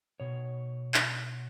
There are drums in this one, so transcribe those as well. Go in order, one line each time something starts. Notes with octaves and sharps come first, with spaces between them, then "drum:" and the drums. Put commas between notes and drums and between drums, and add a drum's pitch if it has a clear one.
B2 C#5
drum: clap